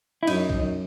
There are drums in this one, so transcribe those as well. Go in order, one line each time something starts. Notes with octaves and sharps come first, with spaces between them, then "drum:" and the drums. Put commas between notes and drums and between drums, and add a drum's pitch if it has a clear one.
E4
F#2 D#4, drum: cymbal
drum: kick